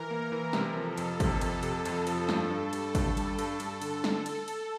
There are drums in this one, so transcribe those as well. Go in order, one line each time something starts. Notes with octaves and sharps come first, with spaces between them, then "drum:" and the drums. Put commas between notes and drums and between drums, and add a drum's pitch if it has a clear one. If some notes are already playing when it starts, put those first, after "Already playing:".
Already playing: E3 A#4
A#3
E3
C3 A4, drum: snare
F3
F2, drum: cymbal
C3, drum: kick G#1, cymbal
F2, drum: cymbal
C3, drum: cymbal
F2, drum: cymbal
F3, drum: cymbal
G2 A4, drum: snare
G2
G3, drum: cymbal
G2, drum: kick G#1, cymbal
G3, drum: cymbal
G2, drum: cymbal
G2, drum: cymbal
D3, drum: cymbal
drum: snare
drum: cymbal
drum: cymbal